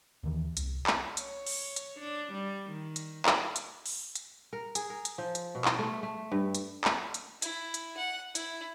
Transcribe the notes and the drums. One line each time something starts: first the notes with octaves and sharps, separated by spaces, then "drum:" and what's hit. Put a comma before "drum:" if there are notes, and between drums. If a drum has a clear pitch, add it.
D#2 D#3 E3
C2, drum: hi-hat
drum: clap
C#5, drum: hi-hat
drum: open hi-hat
drum: hi-hat
D4
G3
D#3
drum: hi-hat
drum: clap
drum: hi-hat
drum: open hi-hat
drum: hi-hat
A#4
G#4, drum: hi-hat
A#4
drum: hi-hat
F3
drum: hi-hat
B2
drum: clap
A3
A3
G2
drum: hi-hat
drum: clap
drum: hi-hat
E4, drum: hi-hat
drum: hi-hat
F#5
E4, drum: hi-hat